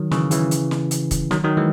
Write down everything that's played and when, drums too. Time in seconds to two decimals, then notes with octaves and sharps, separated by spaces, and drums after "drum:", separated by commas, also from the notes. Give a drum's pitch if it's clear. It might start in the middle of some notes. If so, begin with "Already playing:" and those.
Already playing: D#3 F#3
0.11 C#3 E3, drum: snare
0.31 C#3 E3, drum: hi-hat
0.51 drum: hi-hat
0.71 drum: snare
0.91 drum: hi-hat
1.11 drum: kick, hi-hat
1.31 D#3 F#3, drum: snare
1.44 D#3 F#3
1.57 E3 G#3